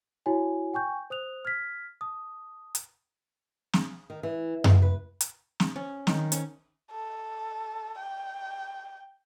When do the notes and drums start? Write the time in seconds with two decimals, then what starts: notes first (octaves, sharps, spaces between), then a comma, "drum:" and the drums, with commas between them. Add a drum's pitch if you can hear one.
0.26 E4 F#4 C#5 G#5
0.73 G5 G#5 C#6 G6
1.10 C5 D#6 F#6 F7
1.45 F6 G#6 B6
2.01 A5 D#6
2.75 drum: hi-hat
3.73 drum: snare
4.10 D#3
4.23 E3
4.64 G#3, drum: tom F#2
4.82 B4
5.21 drum: hi-hat
5.60 drum: snare
5.76 C#4
6.07 D#3, drum: snare
6.32 C#4, drum: hi-hat
6.91 A4
7.98 G5